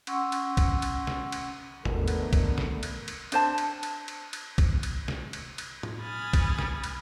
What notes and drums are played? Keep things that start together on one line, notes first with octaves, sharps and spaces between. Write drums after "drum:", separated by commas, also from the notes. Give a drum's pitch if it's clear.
C#4 F#5 C6 C#6 E6, drum: cymbal
drum: cymbal
drum: kick, cymbal
drum: cymbal
drum: snare
drum: cymbal
G#1 D3 A3 B3 A#4, drum: tom
drum: cymbal
drum: kick, cymbal
drum: snare
drum: cymbal
drum: cymbal
D4 C5 A5, drum: cymbal
drum: cymbal
drum: cymbal
drum: cymbal
drum: cymbal
drum: kick, cymbal
drum: cymbal
drum: snare
drum: cymbal
drum: cymbal
drum: tom A2
G#5 B5 D#6 F6 G#6 A6
drum: kick, cymbal
drum: snare
drum: cymbal